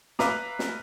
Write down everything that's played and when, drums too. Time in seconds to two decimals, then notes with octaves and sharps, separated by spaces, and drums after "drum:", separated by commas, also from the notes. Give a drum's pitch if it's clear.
0.19 B4 E5 F5 A#5 D6, drum: snare
0.59 drum: snare